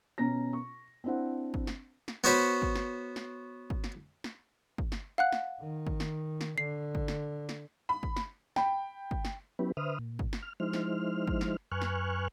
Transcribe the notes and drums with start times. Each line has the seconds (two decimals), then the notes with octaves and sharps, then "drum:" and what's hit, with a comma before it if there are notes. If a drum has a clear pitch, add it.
0.18 B2 C#4 A#5 A#6
0.53 C#6
1.04 C4 D4 E4 C5 F#5
1.54 drum: kick
1.67 drum: snare
2.08 drum: snare
2.24 B3 F#4 C5 C#5 B5
2.62 drum: kick
2.76 drum: snare
3.16 drum: snare
3.70 drum: kick
3.84 drum: snare
4.24 drum: snare
4.78 drum: kick
4.92 drum: snare
5.18 F5 F#5 F#6
5.32 drum: snare
5.60 D#3
5.87 drum: kick
6.00 drum: snare
6.41 drum: snare
6.58 D3 C7
6.95 drum: kick
7.08 drum: snare
7.49 drum: snare
7.89 B5
8.03 drum: kick
8.16 drum: snare
8.56 G5 B5, drum: snare
9.11 drum: kick
9.25 drum: snare
9.59 F#3 B3 C#4 E4 G4 B4
9.77 D3 B4 C5 E5 D#6 F6
9.99 A#2
10.19 drum: kick
10.33 drum: snare
10.43 F6
10.60 F3 G#3 D#4 E4 C5 F6
10.73 drum: snare
11.27 drum: kick
11.41 drum: snare
11.72 F#2 B4 G#5 C#6 F6 F#6
11.82 drum: snare